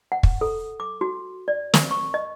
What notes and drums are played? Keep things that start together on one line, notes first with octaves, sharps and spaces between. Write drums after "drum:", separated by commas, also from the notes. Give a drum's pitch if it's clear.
F#5
drum: kick
A4
D6
F#4
D5
A#4, drum: snare
C#6
D#5